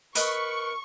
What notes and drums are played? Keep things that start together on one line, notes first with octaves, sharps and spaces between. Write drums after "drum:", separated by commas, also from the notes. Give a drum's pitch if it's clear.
A#4 B4 D#5 B5 C#6, drum: hi-hat